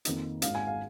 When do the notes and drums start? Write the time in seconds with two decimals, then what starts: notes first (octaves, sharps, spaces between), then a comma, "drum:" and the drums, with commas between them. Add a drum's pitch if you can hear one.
0.05 F2 D#3 A#3 D#4, drum: hi-hat
0.42 G#1 G#2 G#3 D#4 F5, drum: hi-hat
0.55 G#5
0.67 F5